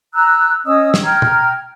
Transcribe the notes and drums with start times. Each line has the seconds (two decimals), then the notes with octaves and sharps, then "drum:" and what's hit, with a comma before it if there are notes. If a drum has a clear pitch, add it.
0.14 A#5 E6 F#6
0.65 C#4 D#5 D#6 E6
0.94 drum: snare
1.04 G5 A#5 F6 G#6
1.22 drum: tom